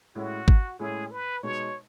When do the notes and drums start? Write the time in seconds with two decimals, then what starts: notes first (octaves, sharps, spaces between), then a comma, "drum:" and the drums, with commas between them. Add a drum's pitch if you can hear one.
0.15 A2 G#3 C#4 E4 F#4
0.48 drum: kick G#1
0.79 A2 G#3 C#4 E4 G#4
1.11 B4
1.43 B2 G#3 D#4 C#5